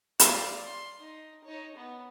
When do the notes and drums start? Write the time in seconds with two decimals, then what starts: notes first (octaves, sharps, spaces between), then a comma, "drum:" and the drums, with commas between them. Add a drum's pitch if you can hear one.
0.19 D5 F5, drum: hi-hat
0.64 C6
0.98 D#4
1.44 D#4 C#5
1.75 B3